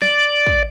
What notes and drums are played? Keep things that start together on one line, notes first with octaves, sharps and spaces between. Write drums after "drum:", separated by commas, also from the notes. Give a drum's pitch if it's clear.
D5, drum: snare
drum: kick